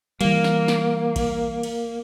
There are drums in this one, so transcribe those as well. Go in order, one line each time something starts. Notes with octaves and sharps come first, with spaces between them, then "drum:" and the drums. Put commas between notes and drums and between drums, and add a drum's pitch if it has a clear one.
E3 G3 A#3, drum: cymbal
drum: snare
drum: snare
drum: kick A#1, cymbal
drum: cymbal